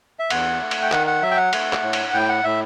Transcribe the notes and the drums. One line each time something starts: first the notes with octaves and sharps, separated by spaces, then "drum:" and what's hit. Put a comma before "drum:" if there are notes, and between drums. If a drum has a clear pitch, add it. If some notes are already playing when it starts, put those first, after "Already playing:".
E5
E2 F#5, drum: cymbal
A3
drum: cymbal
G5
D#3 F#5, drum: clap
F#5
F#3 E5
G5
F#5
A3, drum: cymbal
drum: clap
A2
drum: cymbal
A2 G5
F#5
A2 E5